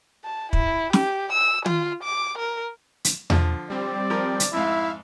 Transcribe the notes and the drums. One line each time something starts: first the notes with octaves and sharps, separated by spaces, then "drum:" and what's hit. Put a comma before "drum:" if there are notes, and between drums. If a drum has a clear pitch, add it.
A5
E4, drum: kick
G4, drum: snare
E6
F4, drum: tom
D6
A#4
drum: hi-hat
D3 F3, drum: tom E2
G3 C4 D5
F3 A#4
drum: hi-hat
F2 G#2 E4 E5 F5